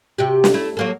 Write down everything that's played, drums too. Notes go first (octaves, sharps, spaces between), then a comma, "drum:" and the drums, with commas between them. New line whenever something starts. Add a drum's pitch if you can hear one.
C3 F#4 G4
drum: snare
A3 E4
F#3 A#3 A4